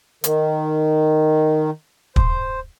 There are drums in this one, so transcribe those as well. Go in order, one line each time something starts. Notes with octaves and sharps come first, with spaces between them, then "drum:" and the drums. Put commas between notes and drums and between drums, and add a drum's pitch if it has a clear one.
D#3, drum: hi-hat
C5, drum: kick